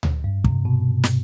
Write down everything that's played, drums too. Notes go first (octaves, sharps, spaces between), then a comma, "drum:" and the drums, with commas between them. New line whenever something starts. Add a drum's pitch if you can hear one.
drum: tom D2
G2
C3, drum: kick
B2
drum: snare